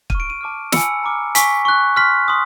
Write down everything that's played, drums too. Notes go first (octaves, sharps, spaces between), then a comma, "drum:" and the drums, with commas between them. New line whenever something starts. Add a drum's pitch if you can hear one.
C#6 F6 D#7, drum: kick
D7
D#7
A5 D6 F6
G#5 B5 E6 C#7, drum: snare
A#5 D6 F6
G#5 C#6 E6 B6, drum: hi-hat
C#6 F#6
C6 F6 B6
C6 D#6